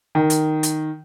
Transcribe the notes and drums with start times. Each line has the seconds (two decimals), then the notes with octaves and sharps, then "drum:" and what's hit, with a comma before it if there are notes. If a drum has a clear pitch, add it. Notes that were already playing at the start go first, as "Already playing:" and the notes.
0.15 D#3
0.30 drum: hi-hat
0.63 drum: hi-hat